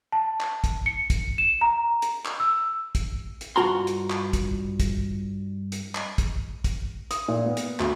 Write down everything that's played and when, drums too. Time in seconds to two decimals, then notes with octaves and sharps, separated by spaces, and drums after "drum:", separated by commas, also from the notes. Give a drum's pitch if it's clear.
0.12 A5
0.41 drum: clap
0.64 drum: kick, hi-hat
0.86 C#7
1.10 drum: kick, hi-hat
1.38 E7
1.61 A#5
2.02 drum: hi-hat
2.25 drum: clap
2.40 E6
2.95 drum: kick, hi-hat
3.41 drum: hi-hat
3.56 G2 F4 F#4 A#5 C6
3.87 drum: hi-hat
4.10 drum: clap
4.33 drum: kick, hi-hat
4.80 drum: kick, hi-hat
5.72 drum: hi-hat
5.95 drum: clap
6.18 drum: kick, hi-hat
6.64 drum: kick, hi-hat
7.11 D#6, drum: hi-hat
7.28 A#2
7.46 B3
7.57 drum: hi-hat
7.80 D2, drum: clap